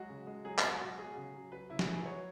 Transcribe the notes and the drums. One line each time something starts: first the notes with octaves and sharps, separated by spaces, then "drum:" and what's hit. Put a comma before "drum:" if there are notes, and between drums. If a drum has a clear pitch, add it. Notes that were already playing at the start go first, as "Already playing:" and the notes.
Already playing: F#3 G#3 F#4
C#3
G#3
F#3 G#4
F#4, drum: clap
B2
F#4
F#3
F#4
F#3 G#4
C#3
F#3
F#3 B4
C#3 E4
F#4, drum: snare
F#3 G#4
B4
F#3 C#5